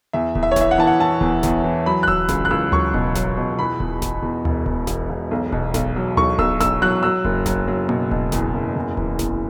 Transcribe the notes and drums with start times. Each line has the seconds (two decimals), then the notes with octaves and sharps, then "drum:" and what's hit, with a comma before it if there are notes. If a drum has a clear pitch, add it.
0.13 E2 E5
0.35 E2, drum: kick D1
0.43 E5
0.51 C#5
0.56 E3 E5, drum: snare G1
0.71 F#5
0.78 E3 A5
0.87 F#5
0.99 E3 A5
1.21 E2, drum: kick D1
1.43 E2, drum: snare G1
1.64 E3
1.86 F#3 B5
2.03 F#6
2.07 F#3 E6, drum: kick D1
2.29 C#2, drum: snare G1
2.45 F#6
2.51 C#2 E6
2.72 F#3 C#6, drum: tom D2
2.94 B2, drum: kick D1
3.15 F#3, drum: snare G1
3.37 B2
3.59 E2 B5
3.80 E2, drum: kick D1
4.02 E2, drum: snare G1
4.23 E2
4.45 E1, drum: tom D2
4.66 E2, drum: kick D1
4.87 E1, drum: snare G1
5.09 E1
5.31 B1
5.52 B2, drum: kick D1
5.74 B1, drum: snare G1
5.96 F#3
6.17 B1 C#6, drum: tom D2
6.38 B1 E6, drum: kick D1
6.60 B1 E6, drum: snare G1
6.82 F#3 F#6
7.03 F#3 E6
7.25 F#1, drum: kick D1
7.46 F#3, drum: snare G1
7.68 F#3
7.89 B2, drum: tom A#3
8.11 B2, drum: kick D1
8.32 E2, drum: snare G1
8.54 F#1
8.75 E2
8.97 E3, drum: kick D1
9.19 E2, drum: snare G1